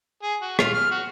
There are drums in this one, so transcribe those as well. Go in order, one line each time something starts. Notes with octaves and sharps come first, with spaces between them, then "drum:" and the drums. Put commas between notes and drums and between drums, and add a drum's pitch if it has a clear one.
G#4
F#4
F4, drum: rim click
F6
F#4